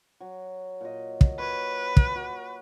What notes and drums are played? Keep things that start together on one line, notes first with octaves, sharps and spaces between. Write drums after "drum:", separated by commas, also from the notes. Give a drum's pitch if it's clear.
F#3
A#2 D#5
drum: kick
B4 C#5
drum: kick
F#4 D6